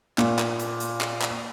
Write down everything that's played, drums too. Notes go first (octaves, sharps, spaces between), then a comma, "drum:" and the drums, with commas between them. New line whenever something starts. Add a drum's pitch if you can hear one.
A#2, drum: clap
drum: clap
drum: hi-hat
drum: hi-hat
drum: clap
drum: clap